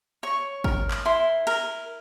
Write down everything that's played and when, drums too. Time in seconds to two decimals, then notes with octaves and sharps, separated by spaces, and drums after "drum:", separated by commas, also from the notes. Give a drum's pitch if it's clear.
0.23 C#5 C#6
0.64 A#4, drum: kick
0.91 drum: clap
1.05 E4 C6
1.47 A#4, drum: cymbal